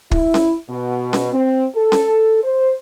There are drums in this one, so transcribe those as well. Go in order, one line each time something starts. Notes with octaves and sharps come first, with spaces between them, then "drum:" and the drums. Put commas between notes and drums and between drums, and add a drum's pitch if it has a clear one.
E4, drum: kick
drum: snare C#4
B2
drum: snare C#4
C4
A4
drum: snare C#4
C5